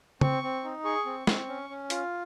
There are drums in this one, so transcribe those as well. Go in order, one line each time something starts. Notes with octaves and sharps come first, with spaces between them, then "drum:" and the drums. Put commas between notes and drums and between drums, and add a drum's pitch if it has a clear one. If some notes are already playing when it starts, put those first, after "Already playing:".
C4 C#6, drum: tom C#3
C4
D#4
G#4 C#6
C4
C4, drum: snare
C#4
C#4
F4, drum: hi-hat